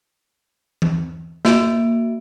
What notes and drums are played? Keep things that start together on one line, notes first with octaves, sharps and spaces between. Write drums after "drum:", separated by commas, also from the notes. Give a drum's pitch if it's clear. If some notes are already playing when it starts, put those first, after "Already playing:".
drum: tom E3
A#3 F#4 E5 D7, drum: snare